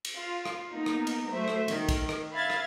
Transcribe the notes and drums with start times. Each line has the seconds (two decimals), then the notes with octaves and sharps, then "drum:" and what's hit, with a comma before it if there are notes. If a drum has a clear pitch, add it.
0.05 drum: cymbal
0.16 F4
0.45 drum: rim click
0.72 A#3 B3 D#4
0.86 drum: rim click
1.07 drum: cymbal
1.32 F#3 A3 C5 E5
1.48 drum: rim click
1.68 D#3, drum: cymbal
1.89 drum: kick, cymbal
2.09 drum: rim click
2.32 E5 F5 B5 G#6 A6
2.50 drum: rim click